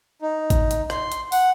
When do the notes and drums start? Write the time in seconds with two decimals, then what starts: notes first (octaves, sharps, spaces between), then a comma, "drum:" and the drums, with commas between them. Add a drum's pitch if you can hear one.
0.22 D#4
0.50 drum: kick G#1, hi-hat
0.71 drum: hi-hat
0.90 C6, drum: rim click
1.12 drum: hi-hat
1.32 F#5, drum: open hi-hat